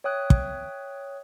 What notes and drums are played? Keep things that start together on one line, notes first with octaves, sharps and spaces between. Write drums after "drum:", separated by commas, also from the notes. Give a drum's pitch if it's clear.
C#5 E5 G5 D#6 F#6
drum: kick